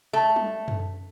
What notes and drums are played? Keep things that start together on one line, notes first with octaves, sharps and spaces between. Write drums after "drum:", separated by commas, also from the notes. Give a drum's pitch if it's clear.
A3
drum: tom G3
drum: tom F#2